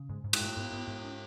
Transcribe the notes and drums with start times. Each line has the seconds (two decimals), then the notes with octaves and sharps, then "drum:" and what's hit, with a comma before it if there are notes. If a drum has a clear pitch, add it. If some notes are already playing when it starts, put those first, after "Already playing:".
Already playing: C#3
0.09 G#2 G#3
0.24 G#2
0.33 G#3, drum: cymbal
0.41 G#2 A3
0.57 G#2 B3
0.72 G#2 B3
0.88 G#2 B3
1.04 C#4